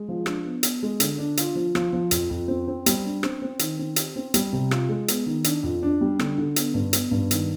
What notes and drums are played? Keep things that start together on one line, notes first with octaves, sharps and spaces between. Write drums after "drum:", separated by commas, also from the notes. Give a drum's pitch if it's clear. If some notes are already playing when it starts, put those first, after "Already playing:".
Already playing: G#3
F3
D4, drum: rim click
B3
B3, drum: hi-hat
G#3
D3, drum: hi-hat
D4
F4, drum: hi-hat
F3
F3, drum: rim click
F3
F2, drum: hi-hat
F2
C4
C4
G3, drum: hi-hat
D4
C4, drum: rim click
C4
D#3, drum: hi-hat
C4
G4, drum: hi-hat
C4
G3, drum: hi-hat
C3
F4, drum: rim click
G#3
B3, drum: hi-hat
D#3
D4, drum: hi-hat
F2
D4
G3
D3, drum: rim click
D3
B3, drum: hi-hat
G2
B3, drum: hi-hat
G2
D#3, drum: hi-hat